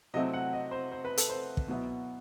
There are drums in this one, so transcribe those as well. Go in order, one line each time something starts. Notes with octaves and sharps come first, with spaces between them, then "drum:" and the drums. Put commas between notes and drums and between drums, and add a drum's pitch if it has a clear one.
C3 F#3 A3 C4 E4 D#5
F#5
D#5
C5
C5
B4
A4, drum: hi-hat
C5
drum: kick
B2 F#3 B3 E4